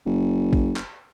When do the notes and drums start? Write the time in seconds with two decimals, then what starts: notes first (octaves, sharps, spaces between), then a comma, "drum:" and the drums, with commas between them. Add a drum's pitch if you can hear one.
0.06 F#1
0.53 drum: kick
0.76 drum: clap